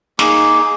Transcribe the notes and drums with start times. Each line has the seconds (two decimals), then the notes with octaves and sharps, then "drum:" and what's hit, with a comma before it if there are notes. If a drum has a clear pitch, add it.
0.19 A#3 D#4 G#4, drum: snare